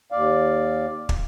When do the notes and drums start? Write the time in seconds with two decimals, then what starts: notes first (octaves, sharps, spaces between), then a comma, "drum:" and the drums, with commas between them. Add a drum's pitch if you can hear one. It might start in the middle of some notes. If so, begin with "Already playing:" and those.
0.12 D#2 D5 F5
1.09 drum: kick